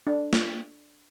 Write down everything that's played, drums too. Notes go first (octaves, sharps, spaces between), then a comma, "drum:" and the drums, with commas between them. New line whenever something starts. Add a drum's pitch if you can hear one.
D4
drum: snare